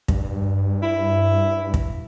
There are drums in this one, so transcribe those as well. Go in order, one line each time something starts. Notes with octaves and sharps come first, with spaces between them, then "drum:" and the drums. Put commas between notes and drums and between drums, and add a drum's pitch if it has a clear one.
G2, drum: kick
E4
drum: kick